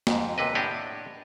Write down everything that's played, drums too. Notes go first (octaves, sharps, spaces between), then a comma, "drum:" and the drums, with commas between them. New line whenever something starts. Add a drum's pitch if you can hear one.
F2 G#2, drum: snare
D#2 C3 B4 D#5
A2 D4 G4 D#5 F#5 G#5